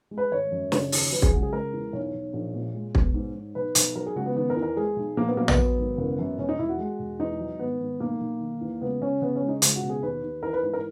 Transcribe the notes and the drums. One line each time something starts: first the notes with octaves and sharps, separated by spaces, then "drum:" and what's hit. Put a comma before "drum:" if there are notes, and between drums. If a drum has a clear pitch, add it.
G#3
B4
G#1 C#5
F#2
C#3, drum: snare
D#2, drum: open hi-hat
F#3 B4
G#4, drum: kick
C#2 F#4
G#4
G#3 A#4
E2
B1 C#5
B1
A#1
A#2
G#3
B2, drum: kick
G#2
G#2
B1 B4
B1, drum: hi-hat
F#3 A#4
G#4
C#2 F#4
B3
D#3 B3
A#4
E2
A#4
G#3 G#4
B1
A#1 A#3
B3
F#3 A#3
B3, drum: tom A#1
F#3
G#1
F#1
F#2
E1 C#4
D#4
E1 E4
F#4
G#3
E1
E2 D#4
F#3
G#1 B3
G#1
B1 A#3
B1
D#3
E2
C#2 B3
C#3 C#4
C#3 B3
C#4
G#3
D#4
C#2, drum: hi-hat
F#4
B2
G#4
D#2 B4
D#2
E3 A#4
B4
G#2 B4
A#4